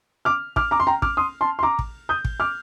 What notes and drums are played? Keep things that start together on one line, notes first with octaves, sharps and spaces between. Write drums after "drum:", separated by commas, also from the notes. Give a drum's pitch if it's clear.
D6 F6
D6 F6, drum: kick
A#5 D6
C6
G5 A#5
D6 F6, drum: kick
C6 D#6
A5 C6
C6
A#5 D6
drum: kick
D#6 G6
drum: kick
D6 F6